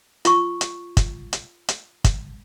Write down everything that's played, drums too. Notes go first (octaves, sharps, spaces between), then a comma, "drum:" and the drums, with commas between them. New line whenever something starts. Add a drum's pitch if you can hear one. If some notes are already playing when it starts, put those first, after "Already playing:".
F4 C#6, drum: hi-hat
drum: hi-hat
drum: kick, hi-hat
drum: hi-hat
drum: hi-hat
drum: kick, hi-hat